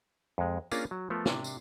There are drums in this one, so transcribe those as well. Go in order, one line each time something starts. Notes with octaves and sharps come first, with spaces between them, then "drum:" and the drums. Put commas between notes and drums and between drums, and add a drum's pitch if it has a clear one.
F2 G#3
A#3 C#4 D4 F4 G#4 A#4, drum: tambourine
F#3
F3 A3 B3 F4 A4 A#4
C3 D4, drum: snare
drum: tambourine